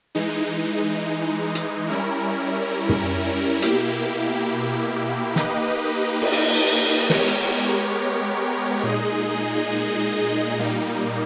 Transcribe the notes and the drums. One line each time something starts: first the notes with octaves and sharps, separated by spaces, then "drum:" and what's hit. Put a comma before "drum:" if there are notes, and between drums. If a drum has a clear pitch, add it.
E3 G#3 D#4
drum: hi-hat
G3 C#4 E4 A#4
drum: tom
B2 A#3 E4 G4, drum: hi-hat
A#3 D#4 G4 B4 D#5, drum: snare
drum: cymbal
G#3 B3 G4 A#4 C#5, drum: snare
drum: hi-hat
A#2 G#3 D#4 G#4 D#5
A#2 G3 A#3 D#4